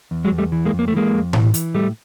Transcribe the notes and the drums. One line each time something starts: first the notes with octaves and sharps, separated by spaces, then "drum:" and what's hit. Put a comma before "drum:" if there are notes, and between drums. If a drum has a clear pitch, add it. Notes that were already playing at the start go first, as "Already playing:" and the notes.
E2
F#3 G#3
E2
G3 A3
E3
G#3 A#3
F2
A#3
A3
E3 G#3 A#3
F2
E3, drum: tom A2
E3, drum: hi-hat
A2 G3 A3